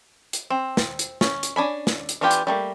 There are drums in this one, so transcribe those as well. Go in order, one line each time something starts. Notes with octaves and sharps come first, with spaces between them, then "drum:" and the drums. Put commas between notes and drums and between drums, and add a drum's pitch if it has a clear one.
drum: hi-hat
C4
drum: snare
drum: hi-hat
C#4, drum: snare
drum: hi-hat
C#4 D4 G#5 B5
drum: snare
drum: hi-hat
E3 B3 D4 F4 G4
drum: hi-hat
G3 A3 A#3